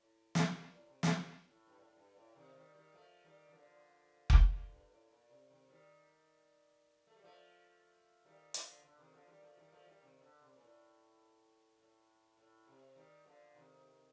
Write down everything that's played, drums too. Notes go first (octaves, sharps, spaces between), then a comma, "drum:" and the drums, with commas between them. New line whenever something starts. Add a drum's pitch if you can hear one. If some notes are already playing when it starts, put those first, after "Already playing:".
Already playing: A2
drum: snare
A#2
A2
C3
C3, drum: snare
A2
G2
A2
A2
G2
A2
C3 D#3
D#3 G3
D#3 G3
F3 A3
D#3 G3
D#3
D3 F3
drum: kick F1
G2
A2
A#2
C3
C3 D#3
D#3 G3
A3
G3
F3 A3
D#3 G3
D3 F3, drum: hi-hat
D3
C3 D#3
D3 F3
D#3 G3
F3 A3
D#3 G3
F3 A3
D#3 G3
C3 D#3
D3
C3
A#2
A2
A2
A2
C3
D#3 G3
D3 F3
C3 D#3